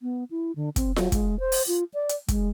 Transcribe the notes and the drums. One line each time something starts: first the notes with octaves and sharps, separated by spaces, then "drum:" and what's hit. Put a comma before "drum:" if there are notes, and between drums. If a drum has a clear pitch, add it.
B3
E4
D3
C4, drum: kick, hi-hat
F#3, drum: snare F4
G#3, drum: kick, hi-hat
C5
drum: open hi-hat
F4
D5
drum: hi-hat
G#3, drum: kick, hi-hat